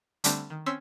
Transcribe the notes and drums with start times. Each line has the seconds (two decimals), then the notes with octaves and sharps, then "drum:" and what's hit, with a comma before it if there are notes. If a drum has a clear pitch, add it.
0.24 D3 G3 A3 C4 D4, drum: hi-hat
0.50 D#3
0.66 C4 C#4 C#5 C6 E6 B6